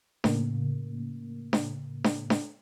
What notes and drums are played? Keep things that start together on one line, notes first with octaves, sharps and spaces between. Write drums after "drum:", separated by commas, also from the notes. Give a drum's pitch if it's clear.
A2 C#3 A#3, drum: snare D4
drum: snare D4
drum: snare D4
drum: snare D4